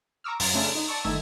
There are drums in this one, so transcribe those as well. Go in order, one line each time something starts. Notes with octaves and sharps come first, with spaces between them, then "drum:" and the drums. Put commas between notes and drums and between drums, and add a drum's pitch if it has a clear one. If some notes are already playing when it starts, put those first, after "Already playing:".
A#5 C#6 D6 E6 F6
F#2, drum: open hi-hat
C#3 A3 C#4 D4 A4
D#4
D5 A5 C#6 D6 E6
G1 D#3 A3 E5 E6 G#6